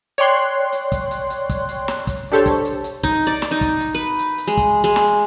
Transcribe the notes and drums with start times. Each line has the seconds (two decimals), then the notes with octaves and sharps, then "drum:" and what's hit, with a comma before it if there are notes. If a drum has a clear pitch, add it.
0.18 C#5 D5 G5 C6 F#6
0.73 drum: hi-hat
0.92 drum: kick, hi-hat
1.11 drum: hi-hat
1.30 drum: hi-hat
1.50 drum: kick, hi-hat
1.69 drum: hi-hat
1.88 drum: snare
2.07 drum: kick, hi-hat
2.32 D4 G4 A4 C5 C#5
2.46 drum: kick, hi-hat
2.65 drum: hi-hat
2.84 drum: hi-hat
3.03 D#4, drum: kick
3.27 D5
3.42 drum: snare
3.51 D#4
3.61 drum: kick, hi-hat
3.80 drum: hi-hat
3.95 B4
4.19 drum: hi-hat
4.38 drum: hi-hat
4.47 G#3
4.57 drum: kick, hi-hat
4.84 G#3
4.96 drum: snare